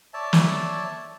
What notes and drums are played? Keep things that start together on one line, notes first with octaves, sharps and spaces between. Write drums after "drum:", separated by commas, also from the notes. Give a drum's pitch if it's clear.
C#5 D5 E5 A5
drum: snare